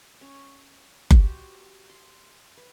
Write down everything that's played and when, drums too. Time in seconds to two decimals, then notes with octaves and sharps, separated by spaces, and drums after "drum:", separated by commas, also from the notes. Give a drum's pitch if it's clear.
0.21 C#4
1.11 F#4 G4 C5, drum: kick F#1
1.90 C6
2.57 B4